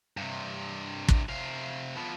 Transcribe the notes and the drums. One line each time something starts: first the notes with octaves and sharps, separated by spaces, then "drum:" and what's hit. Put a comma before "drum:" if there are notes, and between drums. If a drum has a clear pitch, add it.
G2 C3
drum: kick
C3 F5
F3 B3